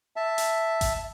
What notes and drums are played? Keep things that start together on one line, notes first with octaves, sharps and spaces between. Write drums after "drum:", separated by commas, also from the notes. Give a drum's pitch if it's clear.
E5 A5
drum: hi-hat
drum: kick G#1, hi-hat